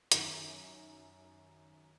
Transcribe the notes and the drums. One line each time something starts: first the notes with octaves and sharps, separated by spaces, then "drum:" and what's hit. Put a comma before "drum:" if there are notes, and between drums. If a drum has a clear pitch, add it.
F#2 D#3, drum: hi-hat